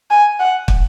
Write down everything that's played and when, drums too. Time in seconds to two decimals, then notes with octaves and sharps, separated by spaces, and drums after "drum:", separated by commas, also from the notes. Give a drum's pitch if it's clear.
0.10 G#5
0.40 F#5
0.68 drum: kick